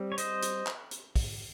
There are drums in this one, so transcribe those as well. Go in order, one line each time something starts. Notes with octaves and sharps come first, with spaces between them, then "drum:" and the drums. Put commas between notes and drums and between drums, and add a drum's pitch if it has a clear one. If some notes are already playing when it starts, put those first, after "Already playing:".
Already playing: G3 C4
C#5
C5 D#5, drum: hi-hat
drum: hi-hat
drum: clap
drum: hi-hat
drum: kick, open hi-hat